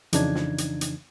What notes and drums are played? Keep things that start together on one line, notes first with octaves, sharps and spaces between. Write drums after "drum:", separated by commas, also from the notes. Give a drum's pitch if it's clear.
F2 C#3 E3 D4 D#4 G#6, drum: hi-hat
drum: snare
drum: hi-hat
drum: hi-hat